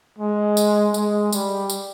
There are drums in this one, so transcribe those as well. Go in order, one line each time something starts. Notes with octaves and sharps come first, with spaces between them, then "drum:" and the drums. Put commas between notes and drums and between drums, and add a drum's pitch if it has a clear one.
G#3
drum: tambourine
G#3, drum: tambourine
G3, drum: tambourine
drum: tambourine